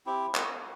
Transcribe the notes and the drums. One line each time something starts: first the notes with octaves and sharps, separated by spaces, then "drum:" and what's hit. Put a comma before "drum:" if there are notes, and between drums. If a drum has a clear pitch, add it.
C4 E4 G4
drum: clap